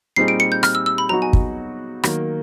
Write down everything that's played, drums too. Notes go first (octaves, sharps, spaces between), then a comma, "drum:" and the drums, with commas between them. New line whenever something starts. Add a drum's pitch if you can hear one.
A#2 G3 C4 D#4 G#4 C7
D7
C#7
G6
F6, drum: rim click
E6
E6
B5
F#3 B3 D#4 F#4 A#5
G#5
drum: kick
D#3 F#3 A#3, drum: rim click